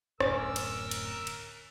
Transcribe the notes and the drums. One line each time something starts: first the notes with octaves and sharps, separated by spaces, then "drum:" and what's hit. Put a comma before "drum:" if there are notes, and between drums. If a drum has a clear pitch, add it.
D1 F#2 D3 C#4 A#4 D6 E6, drum: rim click
drum: cymbal
drum: cymbal
drum: cymbal